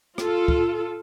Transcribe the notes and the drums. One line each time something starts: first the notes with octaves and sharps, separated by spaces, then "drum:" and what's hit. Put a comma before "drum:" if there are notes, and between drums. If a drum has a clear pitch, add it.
F4 A4, drum: rim click
drum: kick